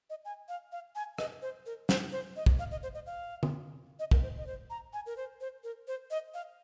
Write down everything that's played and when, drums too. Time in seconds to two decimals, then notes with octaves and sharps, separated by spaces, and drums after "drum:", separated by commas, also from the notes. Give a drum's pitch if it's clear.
0.10 D#5
0.25 G#5
0.49 F5
0.72 F5
0.96 G#5
1.18 D#5, drum: rim click
1.42 C5
1.66 A#4
1.89 C5, drum: snare
2.12 C5
2.36 D#5
2.46 drum: kick
2.59 F5
2.71 D#5
2.83 C5
2.94 D#5
3.06 F5
3.43 drum: tom D3
3.99 D#5
4.11 A#4, drum: kick
4.23 C5
4.37 D#5
4.47 C5
4.70 A#5
4.93 G#5
5.06 A#4
5.17 C5
5.41 C5
5.64 A#4
5.88 C5
6.11 D#5
6.34 F5